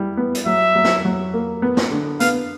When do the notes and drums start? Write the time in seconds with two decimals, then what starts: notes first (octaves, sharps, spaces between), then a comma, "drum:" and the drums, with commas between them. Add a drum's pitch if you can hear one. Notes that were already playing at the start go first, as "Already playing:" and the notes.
Already playing: G3 E4
0.17 B3
0.35 drum: hi-hat
0.46 F#3 E5
0.75 F#3
0.85 drum: snare
1.05 F#3
1.34 A#3
1.62 B3
1.77 drum: snare
1.91 D3
2.20 B3 F5, drum: hi-hat